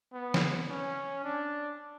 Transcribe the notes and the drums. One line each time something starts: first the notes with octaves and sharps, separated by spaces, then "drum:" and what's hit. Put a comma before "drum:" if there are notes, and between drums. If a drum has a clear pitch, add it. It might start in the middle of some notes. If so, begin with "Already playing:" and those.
B3
drum: snare
C#4
D4